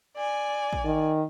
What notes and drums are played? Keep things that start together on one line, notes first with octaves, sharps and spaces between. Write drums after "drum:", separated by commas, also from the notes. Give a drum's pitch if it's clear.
D5 G#5
drum: kick A1
D#3